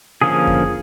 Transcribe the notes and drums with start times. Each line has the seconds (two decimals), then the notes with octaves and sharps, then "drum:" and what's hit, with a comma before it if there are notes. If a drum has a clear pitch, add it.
0.22 D3 F3 A#3 C#4 G#4
0.47 drum: kick F2